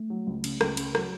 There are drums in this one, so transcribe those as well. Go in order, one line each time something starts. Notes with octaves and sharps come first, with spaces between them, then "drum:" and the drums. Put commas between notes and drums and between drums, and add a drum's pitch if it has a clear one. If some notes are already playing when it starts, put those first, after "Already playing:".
Already playing: A3
F#3
C#2
C#3, drum: cymbal
C#2, drum: rim click
C#3, drum: cymbal
F#3, drum: rim click